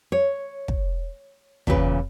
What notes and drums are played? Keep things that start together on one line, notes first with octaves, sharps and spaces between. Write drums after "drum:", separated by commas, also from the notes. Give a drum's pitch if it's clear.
C#5
drum: kick
E2 A#2 C#3 G4 B4, drum: kick